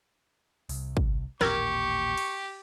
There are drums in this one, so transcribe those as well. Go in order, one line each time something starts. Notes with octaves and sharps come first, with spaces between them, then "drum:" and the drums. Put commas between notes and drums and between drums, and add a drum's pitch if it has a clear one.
C2, drum: open hi-hat
drum: kick
A1 D#2 A#2 G4 A#4 C#6 E6 G#6, drum: snare
drum: cymbal